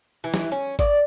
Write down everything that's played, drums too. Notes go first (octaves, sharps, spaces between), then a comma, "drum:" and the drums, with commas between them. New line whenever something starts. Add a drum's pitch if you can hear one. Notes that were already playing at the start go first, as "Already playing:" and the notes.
E3
drum: snare
C#4
D5, drum: kick, hi-hat